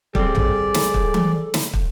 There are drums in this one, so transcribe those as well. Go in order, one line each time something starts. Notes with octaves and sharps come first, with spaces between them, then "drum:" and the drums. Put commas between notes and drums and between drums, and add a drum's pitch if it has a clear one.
G3 C4 G#4 A4 D5, drum: kick
drum: tom A1
drum: snare
drum: kick
drum: tom E3
drum: snare
drum: kick